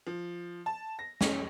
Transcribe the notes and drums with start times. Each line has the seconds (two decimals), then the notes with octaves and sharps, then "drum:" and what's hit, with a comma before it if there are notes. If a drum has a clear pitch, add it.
0.07 F3
0.66 A5
0.99 A#6
1.21 C#4, drum: snare